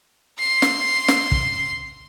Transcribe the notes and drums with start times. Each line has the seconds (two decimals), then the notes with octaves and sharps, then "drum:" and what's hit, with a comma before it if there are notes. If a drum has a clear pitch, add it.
0.39 C6 C7
0.62 drum: snare
1.08 drum: snare
1.32 drum: kick